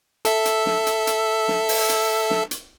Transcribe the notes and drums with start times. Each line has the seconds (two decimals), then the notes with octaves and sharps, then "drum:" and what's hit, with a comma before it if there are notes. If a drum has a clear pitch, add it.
0.25 A4 E5, drum: hi-hat
0.45 drum: hi-hat
0.66 drum: snare
0.87 drum: hi-hat
1.07 drum: hi-hat
1.48 drum: snare
1.69 drum: open hi-hat
1.89 drum: hi-hat
2.30 drum: snare
2.51 drum: hi-hat